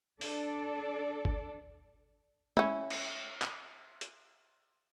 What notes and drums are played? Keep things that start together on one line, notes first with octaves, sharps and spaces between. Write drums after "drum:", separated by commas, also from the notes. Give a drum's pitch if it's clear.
D4 A4 D5, drum: open hi-hat
drum: kick G1
C#4 E4, drum: tom
drum: cymbal
drum: clap
drum: hi-hat